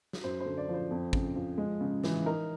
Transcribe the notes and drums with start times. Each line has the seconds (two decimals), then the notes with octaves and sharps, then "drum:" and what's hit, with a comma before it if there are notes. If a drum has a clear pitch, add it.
0.13 drum: snare
0.24 F#2 C5
0.40 D3 C5
0.58 D5
0.68 F3
0.74 C5
0.91 F2
1.13 C#3, drum: kick
1.36 F3
1.58 G#3
1.81 C#3
2.04 E3, drum: snare
2.26 D#4 A#4